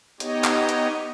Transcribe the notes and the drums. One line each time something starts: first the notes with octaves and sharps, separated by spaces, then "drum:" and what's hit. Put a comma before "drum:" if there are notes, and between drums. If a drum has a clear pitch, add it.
B3 D#4 G4 C#5 D#5, drum: hi-hat
drum: clap
drum: hi-hat